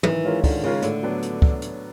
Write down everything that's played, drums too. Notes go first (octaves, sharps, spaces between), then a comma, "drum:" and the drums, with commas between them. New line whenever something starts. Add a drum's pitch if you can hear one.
D#3 E3, drum: tom
G#3 C#4 F4 A#4
D3 D#3, drum: kick, open hi-hat
C#3 G#3 C#4 F4 A#4
A2 D3, drum: hi-hat
F#3 B3 D4
drum: hi-hat
drum: kick
drum: hi-hat